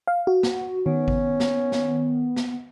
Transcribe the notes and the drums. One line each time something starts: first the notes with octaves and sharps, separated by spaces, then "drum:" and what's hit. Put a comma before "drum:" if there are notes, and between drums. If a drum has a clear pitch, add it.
F5
F#4
drum: snare
D#3 B3 C#4
drum: kick G#1
drum: snare
drum: snare
drum: snare